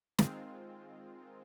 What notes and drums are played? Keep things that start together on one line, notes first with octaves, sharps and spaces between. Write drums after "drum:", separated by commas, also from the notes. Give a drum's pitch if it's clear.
D#3 G#3 C4 F4, drum: snare